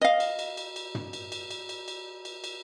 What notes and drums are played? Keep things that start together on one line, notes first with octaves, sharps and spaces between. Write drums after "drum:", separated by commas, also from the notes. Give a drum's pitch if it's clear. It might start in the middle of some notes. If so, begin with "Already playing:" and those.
D#5 F5
drum: cymbal
drum: cymbal
drum: cymbal
drum: cymbal
drum: tom
drum: cymbal
drum: cymbal
drum: cymbal
drum: cymbal
drum: cymbal
drum: cymbal
drum: cymbal